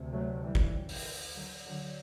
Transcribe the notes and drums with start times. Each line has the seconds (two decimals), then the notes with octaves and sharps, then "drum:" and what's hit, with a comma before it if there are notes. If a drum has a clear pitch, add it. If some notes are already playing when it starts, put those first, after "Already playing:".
Already playing: D2 C3
0.12 F#3 A3
0.43 E3 G3
0.55 drum: kick G1
0.89 drum: open hi-hat
1.35 D3 F#3
1.65 D3 F#3